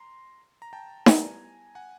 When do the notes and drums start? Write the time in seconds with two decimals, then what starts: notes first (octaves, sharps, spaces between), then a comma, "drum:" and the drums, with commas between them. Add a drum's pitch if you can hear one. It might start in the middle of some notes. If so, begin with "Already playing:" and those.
Already playing: A#5 C6
0.62 A#5
0.73 G5 A5
1.06 G3 B3 E4 G#5 A#5, drum: snare D#4
1.75 F#5 G#5